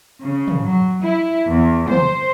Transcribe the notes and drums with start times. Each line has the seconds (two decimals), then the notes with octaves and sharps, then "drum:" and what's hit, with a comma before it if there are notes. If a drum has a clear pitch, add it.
0.21 C#3
0.47 drum: tom
0.63 F#3
1.01 E4
1.48 E2
1.88 C5, drum: tom